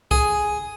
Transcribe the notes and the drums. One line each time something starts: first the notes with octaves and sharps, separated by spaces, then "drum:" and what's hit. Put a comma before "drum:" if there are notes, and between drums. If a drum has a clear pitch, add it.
G#4, drum: kick